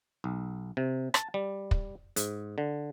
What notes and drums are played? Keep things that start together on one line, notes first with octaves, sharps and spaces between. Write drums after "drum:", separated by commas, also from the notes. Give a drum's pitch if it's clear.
B1
C3
A5, drum: rim click
G3
drum: kick
G#2, drum: hi-hat
D3